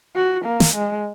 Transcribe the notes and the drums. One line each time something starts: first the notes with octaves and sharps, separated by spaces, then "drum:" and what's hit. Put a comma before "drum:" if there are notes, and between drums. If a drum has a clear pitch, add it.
F#4
A#3
drum: snare
G#3